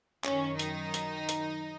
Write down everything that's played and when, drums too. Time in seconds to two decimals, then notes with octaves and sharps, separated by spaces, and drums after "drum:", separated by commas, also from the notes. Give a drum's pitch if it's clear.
0.24 F#2 D#3 C#4, drum: clap
0.59 D#4, drum: hi-hat
0.94 drum: hi-hat
1.29 drum: hi-hat